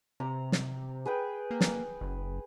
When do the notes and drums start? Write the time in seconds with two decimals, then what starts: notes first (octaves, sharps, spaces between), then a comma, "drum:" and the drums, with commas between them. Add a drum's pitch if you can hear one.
0.20 C3 A#5
0.52 drum: snare
1.06 G#4 B4 G5
1.51 A#3
1.61 drum: snare
2.01 F#1